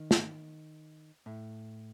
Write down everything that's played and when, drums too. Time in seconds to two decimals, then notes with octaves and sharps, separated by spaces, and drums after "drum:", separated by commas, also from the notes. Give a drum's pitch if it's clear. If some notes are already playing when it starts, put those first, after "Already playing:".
Already playing: D#3
0.11 drum: snare
1.26 A2